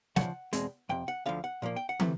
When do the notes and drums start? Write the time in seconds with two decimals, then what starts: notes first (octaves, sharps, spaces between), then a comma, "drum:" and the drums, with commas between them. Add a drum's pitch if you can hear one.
0.16 D2 C#3 F3 F#5, drum: snare
0.53 E2 B2 G#3 C4, drum: hi-hat
0.89 F2 C3 G5
1.08 F#5
1.26 D2 D3 F3 F5
1.44 F#5
1.62 A#2 F3 A#3
1.76 G5
1.89 F#5
2.00 C3 E3 A3, drum: tom